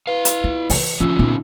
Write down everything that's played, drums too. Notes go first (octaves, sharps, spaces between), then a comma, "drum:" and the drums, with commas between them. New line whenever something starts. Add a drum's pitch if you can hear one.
E4 B4 F5
drum: hi-hat
F4
E3 F3, drum: open hi-hat
D3 F3 A3 C#4 F4 E6
A#2 B3 C4 D#4